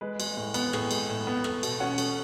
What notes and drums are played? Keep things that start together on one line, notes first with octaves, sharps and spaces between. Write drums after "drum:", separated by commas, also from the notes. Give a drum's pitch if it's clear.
G#3 B4
G#3, drum: cymbal
A2
B3, drum: cymbal
A2 G#4, drum: rim click
G#3, drum: cymbal
A2
B3
A3, drum: rim click
B2, drum: cymbal
C#4 F#5
A3, drum: cymbal